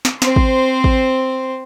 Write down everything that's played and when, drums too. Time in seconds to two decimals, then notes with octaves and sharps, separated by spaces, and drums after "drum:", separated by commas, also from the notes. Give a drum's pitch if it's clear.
0.05 drum: snare
0.22 C4 C5, drum: snare
0.36 drum: kick
0.84 drum: kick